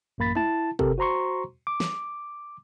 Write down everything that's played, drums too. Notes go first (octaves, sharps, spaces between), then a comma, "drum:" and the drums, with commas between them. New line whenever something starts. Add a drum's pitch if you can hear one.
A1 F#2 A#3 B5 A6 B6
E4 A5, drum: tom
C3 G4 A4 A#4, drum: kick
F#4 C5 A#5 C6 C#6
D6
drum: snare